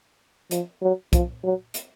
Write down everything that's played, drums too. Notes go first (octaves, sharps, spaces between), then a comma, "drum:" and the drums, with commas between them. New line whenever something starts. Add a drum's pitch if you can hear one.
F3, drum: hi-hat
F#3
F3, drum: kick, hi-hat
F#3
drum: hi-hat